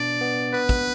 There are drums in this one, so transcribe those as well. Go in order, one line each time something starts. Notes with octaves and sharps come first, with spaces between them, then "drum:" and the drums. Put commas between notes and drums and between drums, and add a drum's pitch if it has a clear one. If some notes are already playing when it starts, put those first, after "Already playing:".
Already playing: B2 B3 D4 D5
B3
B3 B4
drum: kick, hi-hat